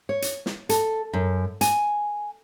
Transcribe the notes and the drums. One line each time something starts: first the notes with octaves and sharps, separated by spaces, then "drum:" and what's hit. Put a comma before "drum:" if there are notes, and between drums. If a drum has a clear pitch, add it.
C#5
drum: hi-hat
drum: snare
A4, drum: hi-hat
F#2
G#5, drum: hi-hat